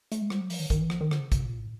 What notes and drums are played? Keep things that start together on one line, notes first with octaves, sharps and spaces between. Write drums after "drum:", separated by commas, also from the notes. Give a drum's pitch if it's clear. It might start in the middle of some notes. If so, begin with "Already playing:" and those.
A3, drum: hi-hat
G#3
G3, drum: rim click
F#3
F3, drum: open hi-hat
D#3
D#3, drum: kick, hi-hat
E3
F3, drum: rim click
D#3
D3, drum: rim click
C#3
C3, drum: kick, hi-hat
A#2
A2